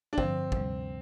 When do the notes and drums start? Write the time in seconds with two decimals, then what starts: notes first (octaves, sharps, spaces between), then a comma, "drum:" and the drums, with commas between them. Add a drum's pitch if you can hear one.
0.13 D4
0.18 G2 D3 F3 C4, drum: kick
0.52 D2 C3 G3, drum: kick